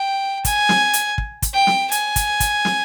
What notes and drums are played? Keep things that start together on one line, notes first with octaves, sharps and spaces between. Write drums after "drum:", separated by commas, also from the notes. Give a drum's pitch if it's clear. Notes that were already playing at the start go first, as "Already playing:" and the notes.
Already playing: G5
G#5, drum: kick, hi-hat
drum: snare
drum: hi-hat
drum: kick
drum: kick, hi-hat
G5
drum: snare
G#5, drum: hi-hat
drum: kick, hi-hat
drum: kick, hi-hat
drum: snare